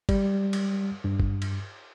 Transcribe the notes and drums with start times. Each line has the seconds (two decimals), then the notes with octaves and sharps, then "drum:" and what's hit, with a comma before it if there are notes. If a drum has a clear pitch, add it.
0.09 G3, drum: kick G#1, cymbal
0.53 drum: cymbal
1.04 G2
1.20 drum: kick G#1
1.42 drum: cymbal